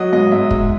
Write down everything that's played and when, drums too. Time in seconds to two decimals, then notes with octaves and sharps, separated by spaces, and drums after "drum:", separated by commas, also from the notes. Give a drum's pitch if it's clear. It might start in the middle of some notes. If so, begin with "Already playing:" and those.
Already playing: F#3 D#5
0.13 G#2 D#5
0.31 G#2 E5
0.51 G#3, drum: kick